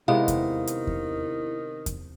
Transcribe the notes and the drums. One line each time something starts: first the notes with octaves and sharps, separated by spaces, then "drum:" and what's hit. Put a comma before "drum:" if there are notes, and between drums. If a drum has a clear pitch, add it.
C3 D#3 G#3 B3 E4 F5
drum: kick E2, hi-hat
drum: hi-hat
drum: kick E2
drum: kick E2, hi-hat